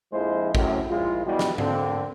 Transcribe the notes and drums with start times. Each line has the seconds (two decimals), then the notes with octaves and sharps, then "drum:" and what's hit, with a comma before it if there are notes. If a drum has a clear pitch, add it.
0.12 A#1 F2 F3 G#3 E4 C5
0.55 F#2 A2 C3, drum: kick
0.90 A#1 G#3 E4 F4
1.26 B2 E3 G3
1.39 drum: snare
1.58 D3 A#3 C4, drum: tom G#2